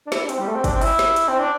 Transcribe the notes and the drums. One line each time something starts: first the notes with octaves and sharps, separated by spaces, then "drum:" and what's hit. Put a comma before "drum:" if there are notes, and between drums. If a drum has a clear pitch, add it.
D4
E4, drum: snare
D4
C4, drum: hi-hat
G3
A3
C4
D4, drum: kick, hi-hat
C4
E4, drum: open hi-hat
drum: snare
drum: hi-hat
C4
D4